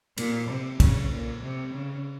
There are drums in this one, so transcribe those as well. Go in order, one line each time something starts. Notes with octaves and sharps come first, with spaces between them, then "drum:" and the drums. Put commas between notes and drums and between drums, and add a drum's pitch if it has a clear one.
A#2, drum: cymbal
C3
C#3, drum: kick B1, cymbal
A#2
C3
C#3